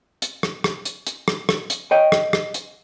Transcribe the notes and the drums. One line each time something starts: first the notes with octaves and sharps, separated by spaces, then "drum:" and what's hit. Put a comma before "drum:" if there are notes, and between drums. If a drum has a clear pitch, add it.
drum: hi-hat
drum: rim click
drum: rim click
drum: hi-hat
drum: hi-hat
drum: rim click
drum: rim click
drum: hi-hat
C#5 D#5 G5
drum: rim click
drum: rim click
drum: hi-hat